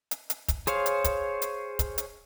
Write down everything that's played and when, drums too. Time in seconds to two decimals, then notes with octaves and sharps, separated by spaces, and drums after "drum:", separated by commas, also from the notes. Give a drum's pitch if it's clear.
0.11 drum: hi-hat
0.30 drum: hi-hat
0.48 drum: kick, hi-hat
0.67 G#4 C5 C#5 F5, drum: hi-hat
0.86 drum: hi-hat
1.04 drum: kick, hi-hat
1.42 drum: hi-hat
1.79 drum: kick, hi-hat
1.98 drum: hi-hat